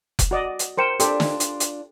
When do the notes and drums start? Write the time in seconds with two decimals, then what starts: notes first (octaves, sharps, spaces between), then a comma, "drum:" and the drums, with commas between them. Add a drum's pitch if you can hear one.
0.19 drum: kick F1, hi-hat
0.31 F#4 D5 D#5
0.59 drum: hi-hat
0.77 A#4 C5 G5 C6 C#7 E7
1.00 D4 F4 G4 A4 C6, drum: hi-hat
1.20 drum: snare
1.40 drum: hi-hat
1.60 drum: hi-hat